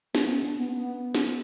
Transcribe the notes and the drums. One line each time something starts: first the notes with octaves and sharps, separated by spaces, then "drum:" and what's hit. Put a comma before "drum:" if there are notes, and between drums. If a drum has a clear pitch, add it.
B3, drum: snare
C#4
D4
B3
B3
drum: snare